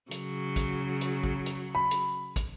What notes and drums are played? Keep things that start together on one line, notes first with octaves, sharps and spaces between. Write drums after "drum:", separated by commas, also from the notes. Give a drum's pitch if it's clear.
C#3 F#3, drum: hi-hat
drum: kick, hi-hat
drum: hi-hat
drum: kick
drum: hi-hat
B5
drum: hi-hat
drum: kick, hi-hat